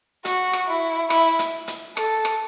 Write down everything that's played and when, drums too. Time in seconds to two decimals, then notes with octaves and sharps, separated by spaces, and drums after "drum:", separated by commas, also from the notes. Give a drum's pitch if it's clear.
0.25 F#4, drum: hi-hat
0.53 drum: rim click
0.67 E4
1.10 E4, drum: rim click
1.39 drum: hi-hat
1.68 drum: hi-hat
1.97 A4, drum: rim click
2.25 drum: rim click